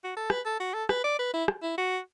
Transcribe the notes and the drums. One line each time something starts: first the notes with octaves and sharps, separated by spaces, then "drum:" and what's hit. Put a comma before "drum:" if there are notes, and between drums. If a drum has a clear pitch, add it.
F#4
A4
B4, drum: rim click
A4
F#4
A4
B4, drum: rim click
D5
B4
E4
drum: rim click
E4
F#4